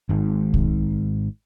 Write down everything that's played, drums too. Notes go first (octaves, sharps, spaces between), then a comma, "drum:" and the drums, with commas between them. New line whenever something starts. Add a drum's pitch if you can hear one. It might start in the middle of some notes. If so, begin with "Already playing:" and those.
G#1 G#2
drum: kick